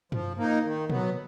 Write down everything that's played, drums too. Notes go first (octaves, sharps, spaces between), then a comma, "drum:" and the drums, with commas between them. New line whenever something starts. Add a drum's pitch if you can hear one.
F3, drum: tom
A#3 D#4
D#3
F#3 B3, drum: tom A#2